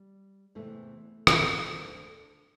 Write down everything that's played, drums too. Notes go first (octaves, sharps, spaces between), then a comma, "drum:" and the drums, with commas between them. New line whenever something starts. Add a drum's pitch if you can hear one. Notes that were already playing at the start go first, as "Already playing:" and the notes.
Already playing: G3
E2 C3 E3 F3 A3
drum: rim click
D2 D3